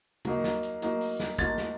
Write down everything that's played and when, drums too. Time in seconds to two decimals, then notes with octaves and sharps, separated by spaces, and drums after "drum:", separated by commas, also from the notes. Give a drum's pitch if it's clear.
0.25 F#3 A#3 D#4, drum: tom
0.44 drum: snare
0.63 drum: hi-hat
0.82 F#3 A#3 D#4, drum: hi-hat
1.01 drum: open hi-hat
1.20 drum: snare
1.38 F#3 A#3 D#4 A6, drum: kick, hi-hat
1.58 drum: snare